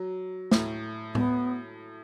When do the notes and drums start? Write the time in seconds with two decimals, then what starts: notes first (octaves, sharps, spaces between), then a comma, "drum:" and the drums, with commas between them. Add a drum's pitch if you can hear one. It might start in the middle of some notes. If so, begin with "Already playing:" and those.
Already playing: F#3
0.51 A2, drum: snare
1.15 B3, drum: tom A2